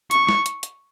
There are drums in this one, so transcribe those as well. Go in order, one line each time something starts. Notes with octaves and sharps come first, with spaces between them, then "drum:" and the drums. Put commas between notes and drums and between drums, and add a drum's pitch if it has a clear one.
C#6, drum: hi-hat
drum: snare
drum: hi-hat
drum: hi-hat